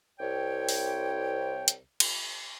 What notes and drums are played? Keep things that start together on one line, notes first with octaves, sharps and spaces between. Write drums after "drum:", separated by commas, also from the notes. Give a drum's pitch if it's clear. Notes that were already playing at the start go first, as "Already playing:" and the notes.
C2 C#5 G5
drum: open hi-hat
drum: hi-hat
drum: cymbal